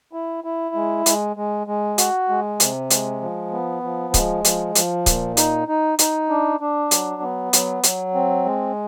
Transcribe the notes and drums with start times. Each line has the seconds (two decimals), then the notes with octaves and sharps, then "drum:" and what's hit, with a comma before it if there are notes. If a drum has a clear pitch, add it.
0.13 E4
0.44 E4
0.75 G#3
1.06 G#3, drum: hi-hat
1.36 G#3
1.67 G#3
1.98 F#4, drum: hi-hat
2.29 G#3
2.60 C3, drum: hi-hat
2.90 G#3, drum: hi-hat
3.21 F3
3.52 B3
3.83 F3
4.14 G#3, drum: kick C#1, hi-hat
4.45 F3, drum: hi-hat
4.75 F3, drum: hi-hat
5.06 A#2, drum: kick C#1, hi-hat
5.37 D#4, drum: hi-hat
5.68 D#4
5.99 D#4, drum: hi-hat
6.29 D4
6.60 D4
6.91 F#3, drum: hi-hat
7.22 B3
7.53 F#3, drum: hi-hat
7.84 F#3, drum: hi-hat
8.14 C4
8.46 G#3